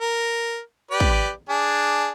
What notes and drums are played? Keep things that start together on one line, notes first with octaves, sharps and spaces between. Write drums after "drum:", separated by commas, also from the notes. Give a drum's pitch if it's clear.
A#4
G4 B4 D5
drum: kick
D4 G#4